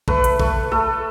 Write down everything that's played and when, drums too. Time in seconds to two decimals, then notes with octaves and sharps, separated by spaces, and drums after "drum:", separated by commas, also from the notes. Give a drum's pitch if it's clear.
0.08 A3 B4, drum: kick A1
0.24 drum: hi-hat
0.40 A3, drum: kick A1
0.72 A3 A4